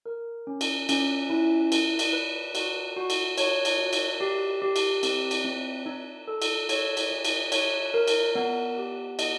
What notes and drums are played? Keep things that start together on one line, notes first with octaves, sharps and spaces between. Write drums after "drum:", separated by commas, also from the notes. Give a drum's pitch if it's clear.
A#4
C#4
drum: cymbal
C#4, drum: cymbal
E4
B4, drum: cymbal
drum: cymbal
B4
F#4, drum: cymbal
F#4
drum: cymbal
C#5, drum: cymbal
drum: cymbal
F#4
drum: cymbal
G4
G4
drum: cymbal
C4, drum: cymbal
drum: cymbal
C4
D#4
A4
drum: cymbal
C#5, drum: cymbal
drum: cymbal
G#4
drum: cymbal
C#5, drum: cymbal
A#4
drum: cymbal
B3
G4
D#5, drum: cymbal